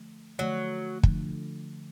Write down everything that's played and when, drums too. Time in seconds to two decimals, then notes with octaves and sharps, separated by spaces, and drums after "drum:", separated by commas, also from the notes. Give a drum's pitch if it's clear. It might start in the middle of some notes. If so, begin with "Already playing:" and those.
Already playing: D3 F3 A3
0.39 D3 F3 F#3 A3
1.03 D3 F3 A3, drum: kick